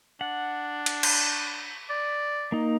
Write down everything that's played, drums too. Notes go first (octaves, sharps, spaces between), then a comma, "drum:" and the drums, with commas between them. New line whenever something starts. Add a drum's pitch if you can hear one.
D4 F#5
drum: cymbal
drum: cymbal
D5
A#3 D#4